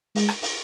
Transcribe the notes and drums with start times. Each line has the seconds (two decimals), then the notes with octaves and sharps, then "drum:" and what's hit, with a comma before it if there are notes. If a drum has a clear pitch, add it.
0.15 G#3, drum: open hi-hat
0.29 drum: rim click
0.42 drum: open hi-hat